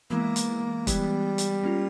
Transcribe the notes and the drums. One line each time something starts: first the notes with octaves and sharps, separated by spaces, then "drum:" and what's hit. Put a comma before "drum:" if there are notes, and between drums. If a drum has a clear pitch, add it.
E3 G#3 A#3 B3 E4
drum: hi-hat
E3 G3 G#3 B3, drum: kick, hi-hat
drum: hi-hat
A#3 C#4 F4